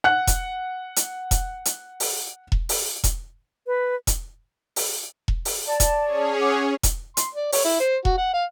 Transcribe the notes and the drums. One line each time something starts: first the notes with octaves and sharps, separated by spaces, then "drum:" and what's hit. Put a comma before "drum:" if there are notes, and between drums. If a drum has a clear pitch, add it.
F#5 F#6
drum: kick E1, hi-hat
drum: hi-hat
drum: kick E1, hi-hat
drum: hi-hat
drum: open hi-hat
drum: kick E1
drum: open hi-hat
drum: kick E1, hi-hat
B4
drum: kick E1, hi-hat
drum: open hi-hat
drum: kick E1
drum: open hi-hat
D5 A5
drum: kick E1, hi-hat
C#4 G#4 C#5
F#5 D6
drum: kick E1, hi-hat
C6, drum: hi-hat
D5
C#5, drum: open hi-hat
E4
C5
F#4, drum: kick E1
F#5
F5